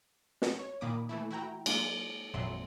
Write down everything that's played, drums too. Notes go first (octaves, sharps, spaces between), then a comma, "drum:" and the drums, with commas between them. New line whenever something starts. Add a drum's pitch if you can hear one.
drum: snare
C#5
A#2 D#3 A#3 B5 D6 D#6
E3 A3 E4
E4 F#4 G5 A#5
F#3 G#3 A#3 D4 F4, drum: cymbal
G#1 F2 A#2 F#3 E5 C6